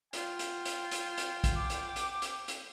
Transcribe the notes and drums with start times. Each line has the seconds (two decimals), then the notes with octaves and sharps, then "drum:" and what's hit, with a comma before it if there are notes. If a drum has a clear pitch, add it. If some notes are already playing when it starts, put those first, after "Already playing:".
0.13 F4 G5, drum: hi-hat
0.39 drum: hi-hat
0.65 drum: hi-hat
0.91 drum: hi-hat
1.18 drum: hi-hat
1.44 drum: kick, hi-hat
1.56 D6
1.70 drum: hi-hat
1.96 drum: hi-hat
2.22 drum: hi-hat
2.48 drum: hi-hat